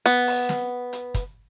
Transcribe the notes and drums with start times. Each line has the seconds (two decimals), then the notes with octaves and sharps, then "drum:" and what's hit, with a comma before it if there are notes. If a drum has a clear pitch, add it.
0.06 B3, drum: hi-hat
0.27 drum: open hi-hat
0.49 drum: snare
0.93 drum: hi-hat
1.14 drum: kick, hi-hat